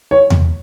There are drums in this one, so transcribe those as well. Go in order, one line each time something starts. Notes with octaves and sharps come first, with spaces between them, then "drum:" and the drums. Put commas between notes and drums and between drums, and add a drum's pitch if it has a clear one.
C#5
drum: tom E2